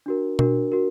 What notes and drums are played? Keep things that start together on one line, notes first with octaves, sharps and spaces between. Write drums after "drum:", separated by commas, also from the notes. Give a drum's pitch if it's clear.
D4 F#4 A#4
D4 F#4 A#4, drum: tom B2
F#4 A#4